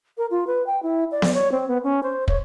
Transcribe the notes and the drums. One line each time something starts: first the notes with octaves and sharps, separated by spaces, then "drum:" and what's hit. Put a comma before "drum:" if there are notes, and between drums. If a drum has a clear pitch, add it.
A#4
F4
B4
G5
E4
D5
drum: snare B3
C#5
C4
B3
C#4
C5
C#5, drum: kick